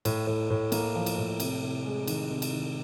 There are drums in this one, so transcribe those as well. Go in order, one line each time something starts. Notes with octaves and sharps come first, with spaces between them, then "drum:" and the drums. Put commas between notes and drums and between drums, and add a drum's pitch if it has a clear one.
A2, drum: cymbal
A2
A2
A#3, drum: cymbal
F3
drum: cymbal
A2
C3, drum: cymbal
C3
G#3
D#3, drum: cymbal
C3
drum: cymbal
D#3